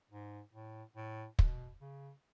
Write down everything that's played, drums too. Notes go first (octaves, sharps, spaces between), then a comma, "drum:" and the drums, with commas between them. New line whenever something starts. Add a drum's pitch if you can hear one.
G#2
A2
A2
B2, drum: kick
C#3